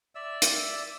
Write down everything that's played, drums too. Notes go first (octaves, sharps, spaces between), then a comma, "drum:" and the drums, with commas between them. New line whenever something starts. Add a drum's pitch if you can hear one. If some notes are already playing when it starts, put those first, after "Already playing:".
D5 E5 E6
drum: hi-hat